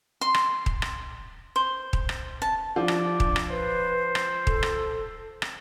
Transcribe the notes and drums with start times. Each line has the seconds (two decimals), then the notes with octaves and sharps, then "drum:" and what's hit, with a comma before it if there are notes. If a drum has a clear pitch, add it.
0.21 C6
0.34 drum: rim click
0.66 drum: kick D#1
0.82 drum: rim click
1.56 C5
1.93 drum: kick D#1
2.09 drum: rim click
2.42 A5
2.76 F3 D4 D5
2.88 drum: rim click
3.20 drum: kick D#1
3.36 drum: rim click
3.50 B4 C5
4.15 drum: rim click
4.47 A4, drum: kick D#1
4.63 drum: rim click
5.42 drum: rim click